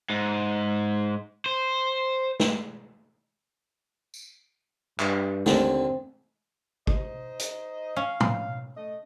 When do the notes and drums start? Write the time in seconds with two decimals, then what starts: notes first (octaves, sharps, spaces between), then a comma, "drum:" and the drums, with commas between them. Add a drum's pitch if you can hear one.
0.10 G#2
1.46 C5
2.40 drum: snare
4.14 drum: tambourine
5.00 G2, drum: clap
5.46 D#2 D3 C4, drum: snare
6.87 D#4 C5 D#5, drum: kick
7.39 drum: hi-hat
7.96 C#4 F5
8.20 drum: tom
8.76 A3 D#5